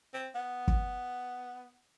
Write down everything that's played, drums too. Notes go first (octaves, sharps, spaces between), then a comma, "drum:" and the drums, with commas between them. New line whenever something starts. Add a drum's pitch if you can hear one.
C4
B3
drum: kick